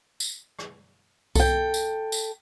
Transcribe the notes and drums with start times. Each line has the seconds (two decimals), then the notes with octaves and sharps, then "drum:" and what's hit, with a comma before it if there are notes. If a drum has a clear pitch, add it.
0.20 drum: tambourine
0.59 drum: rim click
1.35 A4 G5, drum: kick C2, tambourine
1.74 drum: tambourine
2.12 drum: tambourine